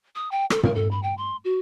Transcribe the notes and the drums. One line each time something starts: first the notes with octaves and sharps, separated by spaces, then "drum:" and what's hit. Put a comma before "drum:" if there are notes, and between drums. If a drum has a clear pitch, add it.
D#6
G5
A4, drum: rim click
A#4, drum: tom
A4
B5
G5
C6
F#4